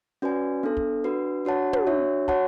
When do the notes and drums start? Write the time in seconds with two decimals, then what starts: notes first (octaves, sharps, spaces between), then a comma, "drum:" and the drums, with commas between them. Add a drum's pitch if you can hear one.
0.22 C#4 F#4 B4 D5 G#5
0.63 B3 D4 A4
0.77 drum: kick
1.04 D4 F#4 B4
1.45 D4 F#4 C#5 F#5 A5
1.73 drum: tom
1.87 D4 F#4 C#5 E5
2.28 F#4 C#5 F#5 A5, drum: kick